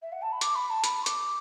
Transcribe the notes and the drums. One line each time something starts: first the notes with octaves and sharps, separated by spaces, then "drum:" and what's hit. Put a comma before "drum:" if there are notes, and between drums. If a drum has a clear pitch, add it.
E5
F#5
A5
B5
D6, drum: hi-hat
B5
A5
B5, drum: hi-hat
D6, drum: hi-hat